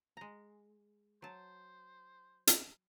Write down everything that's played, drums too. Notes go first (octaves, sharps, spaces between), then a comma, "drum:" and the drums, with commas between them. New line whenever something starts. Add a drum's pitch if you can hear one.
G#3 A#5
F#3 C5 A5
drum: hi-hat